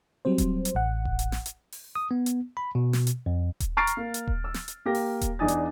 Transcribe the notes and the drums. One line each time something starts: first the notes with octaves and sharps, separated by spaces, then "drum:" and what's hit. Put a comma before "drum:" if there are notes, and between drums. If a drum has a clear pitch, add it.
F#3 G3 C4 C5
drum: kick D#1, hi-hat
drum: hi-hat
A1 F#5
drum: kick D#1
drum: hi-hat
drum: snare
drum: hi-hat
drum: open hi-hat
D#6
B3
drum: hi-hat
B5
B2
drum: snare
drum: hi-hat
F2
drum: kick D#1, hi-hat
A#5 C#6 F6 A6 C7 D7
drum: hi-hat
A#3
drum: hi-hat
drum: kick D#1
E6
drum: snare
drum: hi-hat
A#3 G4 A#6
drum: open hi-hat
drum: kick D#1, hi-hat
E2 D4 D#4 G#5 D#6 A6
drum: hi-hat